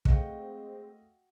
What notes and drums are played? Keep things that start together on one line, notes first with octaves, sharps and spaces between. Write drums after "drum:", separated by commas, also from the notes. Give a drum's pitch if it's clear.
G#3 A3 C4 F#4 D#5 F5 G5, drum: kick